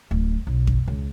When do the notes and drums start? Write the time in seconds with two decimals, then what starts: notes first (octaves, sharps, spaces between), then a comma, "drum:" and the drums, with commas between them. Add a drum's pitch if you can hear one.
0.11 D1
0.47 B1
0.67 drum: kick F2
0.88 C#2